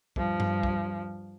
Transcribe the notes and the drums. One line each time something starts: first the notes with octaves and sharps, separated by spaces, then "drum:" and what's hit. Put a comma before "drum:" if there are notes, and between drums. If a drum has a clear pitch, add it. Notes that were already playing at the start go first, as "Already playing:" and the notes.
G2 F3, drum: kick
drum: tom G2
drum: kick